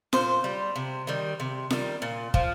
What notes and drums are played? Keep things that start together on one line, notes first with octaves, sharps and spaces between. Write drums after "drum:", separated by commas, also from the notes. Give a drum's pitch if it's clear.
A#2 C5, drum: snare F4
G3
C3
D#3 G3
C3
D#3 G3, drum: snare F4
A#2
F3, drum: kick